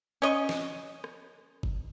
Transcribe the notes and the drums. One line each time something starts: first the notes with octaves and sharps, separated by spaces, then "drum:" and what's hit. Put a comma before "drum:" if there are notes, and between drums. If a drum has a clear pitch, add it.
C#4 D#5 C#6
drum: snare
drum: rim click
drum: kick G1